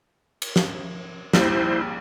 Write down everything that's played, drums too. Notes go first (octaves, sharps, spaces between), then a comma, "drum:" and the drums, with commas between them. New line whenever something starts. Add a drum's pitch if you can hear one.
drum: cymbal
drum: snare
A#1 D#2 G3 E4 C5, drum: snare